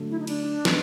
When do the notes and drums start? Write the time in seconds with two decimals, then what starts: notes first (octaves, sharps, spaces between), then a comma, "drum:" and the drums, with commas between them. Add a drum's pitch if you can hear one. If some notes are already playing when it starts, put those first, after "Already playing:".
Already playing: D3 F#3 A3
0.10 E4
0.19 D#4
0.27 D4, drum: cymbal
0.65 D#3 G#3 B3, drum: snare